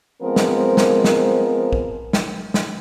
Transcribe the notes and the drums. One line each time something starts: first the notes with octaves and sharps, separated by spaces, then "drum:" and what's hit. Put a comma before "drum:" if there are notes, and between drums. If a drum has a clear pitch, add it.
F3 G#3 B3 C4 A#4
drum: snare
drum: snare
drum: snare
drum: kick
drum: snare
drum: snare